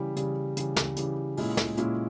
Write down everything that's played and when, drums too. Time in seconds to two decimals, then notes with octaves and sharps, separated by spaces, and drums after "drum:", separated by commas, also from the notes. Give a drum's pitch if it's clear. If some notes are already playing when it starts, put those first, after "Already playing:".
Already playing: C#3 E3 G3
0.16 C#3 E3 G3, drum: hi-hat
0.57 C#3 E3 G3, drum: hi-hat
0.76 drum: snare
0.96 C#3 E3 G3, drum: hi-hat
1.37 A#2 G#3 C#4 E4, drum: open hi-hat
1.57 drum: snare
1.77 A#2 G#3 C#4 E4, drum: hi-hat